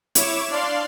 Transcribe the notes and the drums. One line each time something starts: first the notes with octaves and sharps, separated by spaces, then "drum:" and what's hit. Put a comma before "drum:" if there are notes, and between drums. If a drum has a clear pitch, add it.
E4 C#5 D6 E7, drum: hi-hat
D4 D5 F5 C6